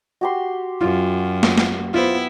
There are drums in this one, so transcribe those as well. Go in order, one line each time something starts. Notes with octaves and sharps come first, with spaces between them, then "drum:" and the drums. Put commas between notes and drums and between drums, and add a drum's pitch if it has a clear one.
F#4 G4 C6
F#2 F4
drum: snare
drum: snare
B3 E4 F4 C5